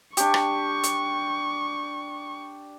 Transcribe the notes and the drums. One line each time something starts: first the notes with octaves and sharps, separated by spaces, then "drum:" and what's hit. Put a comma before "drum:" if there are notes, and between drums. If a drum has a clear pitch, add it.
D4 G4 C#6, drum: hi-hat
drum: rim click
drum: hi-hat